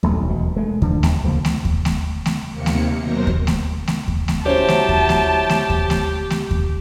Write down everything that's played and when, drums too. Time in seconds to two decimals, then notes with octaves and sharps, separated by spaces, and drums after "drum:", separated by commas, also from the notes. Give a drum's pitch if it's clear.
0.03 D#1 B1 A3, drum: kick D#2
0.28 E1 B2
0.57 G#3 A3
0.82 D3 F3, drum: kick D#2
1.03 D#2, drum: snare A3
1.24 C#2 F3 A#3
1.45 drum: snare A3
1.65 drum: kick D#2
1.85 drum: snare A3
2.26 drum: snare A3
2.50 D#2 C3 A#3 C#7
2.66 drum: snare A3
2.98 D#2 B2 F#3 A#4 C5 A#6
3.27 drum: kick D#2
3.47 drum: snare A3
3.88 drum: snare A3
4.08 drum: kick D#2
4.28 drum: snare A3
4.46 F#3 C#4 E4 G4 C5 A5
4.68 drum: snare A3
4.89 drum: kick D#2
5.09 drum: snare A3
5.49 drum: snare A3
5.70 drum: kick D#2
5.90 drum: snare A3
6.30 drum: snare A3
6.51 drum: kick D#2